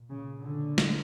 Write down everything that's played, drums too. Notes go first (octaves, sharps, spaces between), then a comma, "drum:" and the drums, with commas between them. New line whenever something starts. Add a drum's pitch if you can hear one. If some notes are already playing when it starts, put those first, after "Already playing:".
Already playing: A#2
C#3
D3
drum: snare